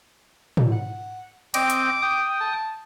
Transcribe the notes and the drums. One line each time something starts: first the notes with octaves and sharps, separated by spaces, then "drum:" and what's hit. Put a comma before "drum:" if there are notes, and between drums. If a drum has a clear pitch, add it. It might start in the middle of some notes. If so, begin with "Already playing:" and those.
drum: tom
F#5
C4 D#5 G5 D6, drum: cymbal
drum: hi-hat
G5 D#6
A5